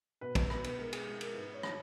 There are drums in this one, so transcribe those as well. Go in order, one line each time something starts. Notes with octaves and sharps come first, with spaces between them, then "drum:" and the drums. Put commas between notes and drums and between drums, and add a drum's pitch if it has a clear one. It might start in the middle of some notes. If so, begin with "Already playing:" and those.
B2 B4
B4, drum: kick, cymbal
B2 B4, drum: rim click
B4, drum: cymbal
G#3 A#4
G#4, drum: cymbal
G#3 G#4
A#4, drum: cymbal
G#2 B4
C#5
D#3, drum: rim click